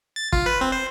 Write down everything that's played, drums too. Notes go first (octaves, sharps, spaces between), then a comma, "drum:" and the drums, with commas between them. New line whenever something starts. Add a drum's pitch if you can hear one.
A6
F4, drum: kick
B4
C4
C5